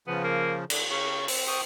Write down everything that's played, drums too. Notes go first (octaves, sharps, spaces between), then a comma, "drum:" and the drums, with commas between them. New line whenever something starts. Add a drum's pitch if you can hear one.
C#3 F3 B3
A#3
D3, drum: cymbal
C#3 C#6
C4, drum: open hi-hat
G5 C#6 D#6